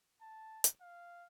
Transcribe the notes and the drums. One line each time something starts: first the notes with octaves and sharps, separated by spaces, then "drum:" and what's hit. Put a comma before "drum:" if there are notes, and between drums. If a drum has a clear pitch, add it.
A5
drum: hi-hat
F5